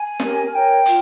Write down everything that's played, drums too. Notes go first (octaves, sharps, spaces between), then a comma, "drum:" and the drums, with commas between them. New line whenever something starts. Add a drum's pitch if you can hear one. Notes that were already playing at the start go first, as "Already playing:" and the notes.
Already playing: G#5
C#4 G4 A#4, drum: snare
D#4 A#4 C#5 G5
F4, drum: hi-hat